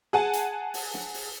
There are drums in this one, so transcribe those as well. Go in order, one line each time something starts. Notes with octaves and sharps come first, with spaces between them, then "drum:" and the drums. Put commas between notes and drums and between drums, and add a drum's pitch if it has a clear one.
G#4 F#5 G#5 A5
drum: hi-hat
drum: open hi-hat
drum: snare
drum: open hi-hat